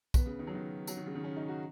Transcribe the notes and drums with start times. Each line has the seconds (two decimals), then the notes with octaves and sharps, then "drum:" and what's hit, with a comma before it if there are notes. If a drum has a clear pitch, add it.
0.14 B3, drum: kick, tambourine
0.26 C#3
0.39 D#3
0.47 F#3
0.55 D#3
0.87 F#3, drum: tambourine
0.97 D#3
1.06 C#3
1.15 D#3
1.24 C#4
1.36 D#4
1.48 F#4